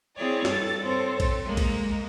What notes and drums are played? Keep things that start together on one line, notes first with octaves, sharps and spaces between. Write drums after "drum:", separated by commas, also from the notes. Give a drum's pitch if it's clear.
C4 E4 G#4 C#5 D5
G2 A4 A6, drum: snare
C4 A4 C5 C#5
drum: kick, cymbal
G#3 A#3
drum: kick, cymbal